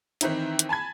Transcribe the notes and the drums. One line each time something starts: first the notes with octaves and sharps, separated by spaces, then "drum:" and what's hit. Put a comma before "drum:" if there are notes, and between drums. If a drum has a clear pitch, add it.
D#3 E3 C4 D#4 E4, drum: hi-hat
drum: hi-hat
G#5 A5 B5 G#6